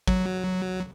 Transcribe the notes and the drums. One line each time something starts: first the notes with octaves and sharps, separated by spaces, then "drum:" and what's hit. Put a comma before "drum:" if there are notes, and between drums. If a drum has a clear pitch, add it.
F#3, drum: kick